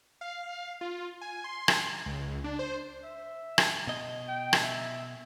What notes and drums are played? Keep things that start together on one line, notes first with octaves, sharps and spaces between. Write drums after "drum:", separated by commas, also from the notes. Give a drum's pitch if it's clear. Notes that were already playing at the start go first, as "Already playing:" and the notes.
F5
F4
G#5
C6
drum: rim click
C#2
D4
C5
E5
drum: rim click
B2 D#5
G5
drum: rim click
E5